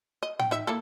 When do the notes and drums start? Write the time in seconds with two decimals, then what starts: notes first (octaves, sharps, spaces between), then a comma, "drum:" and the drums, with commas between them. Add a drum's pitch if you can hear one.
0.23 D#5
0.39 G5, drum: tom A2
0.51 D#4 E5
0.67 A#3 E4 A4